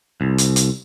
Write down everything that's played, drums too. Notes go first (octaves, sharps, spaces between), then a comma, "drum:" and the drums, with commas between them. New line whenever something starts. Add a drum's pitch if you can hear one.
C2
drum: hi-hat
drum: hi-hat